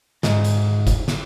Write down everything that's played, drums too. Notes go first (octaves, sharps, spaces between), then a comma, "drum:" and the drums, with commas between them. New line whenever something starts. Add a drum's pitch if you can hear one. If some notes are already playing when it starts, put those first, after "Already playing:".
G#2, drum: snare
drum: hi-hat
drum: kick F#1, hi-hat
drum: snare